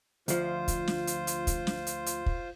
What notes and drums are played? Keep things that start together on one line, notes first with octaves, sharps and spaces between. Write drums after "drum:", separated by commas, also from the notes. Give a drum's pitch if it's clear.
D2 F3 F4 C5, drum: hi-hat
drum: kick, hi-hat
drum: snare
drum: hi-hat
drum: hi-hat
drum: kick, hi-hat
drum: snare
drum: hi-hat
drum: hi-hat
drum: kick